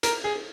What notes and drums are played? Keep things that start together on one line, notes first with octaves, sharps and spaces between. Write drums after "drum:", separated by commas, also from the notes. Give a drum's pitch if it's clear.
A#4, drum: hi-hat
G#4